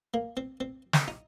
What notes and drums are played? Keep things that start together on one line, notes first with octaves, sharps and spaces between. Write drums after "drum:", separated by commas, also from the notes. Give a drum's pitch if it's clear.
A#3
C4
C4
drum: snare
D#4